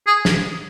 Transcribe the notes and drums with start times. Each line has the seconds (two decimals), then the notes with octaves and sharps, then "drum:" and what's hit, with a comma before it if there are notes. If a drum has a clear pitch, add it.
0.07 G#4
0.25 drum: snare